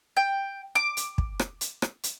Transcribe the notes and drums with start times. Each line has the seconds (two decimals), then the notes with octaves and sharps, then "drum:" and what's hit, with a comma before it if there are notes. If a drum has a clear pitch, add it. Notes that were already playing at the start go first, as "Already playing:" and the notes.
0.17 G5
0.75 D6
0.97 drum: hi-hat
1.18 drum: kick
1.39 drum: rim click
1.61 drum: hi-hat
1.82 drum: rim click
2.03 drum: hi-hat